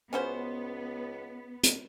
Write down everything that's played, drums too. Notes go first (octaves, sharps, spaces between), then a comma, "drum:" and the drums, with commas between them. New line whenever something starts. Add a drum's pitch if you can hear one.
C#2 B3 C#4 F#4 C5
drum: hi-hat